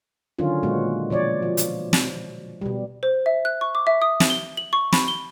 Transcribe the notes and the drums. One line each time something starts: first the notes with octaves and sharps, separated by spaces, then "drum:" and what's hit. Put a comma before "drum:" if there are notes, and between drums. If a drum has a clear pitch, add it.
D3 D#3 F#3 C#4 F4
A#2 G#3 B3 F#4
B2 F3 C#5 D5
F3
drum: hi-hat
drum: snare
B2 G3
C5
E5
F#6
C#6
D6
E5
D#6
drum: snare
G7
F#7
C#6
B5, drum: snare
G7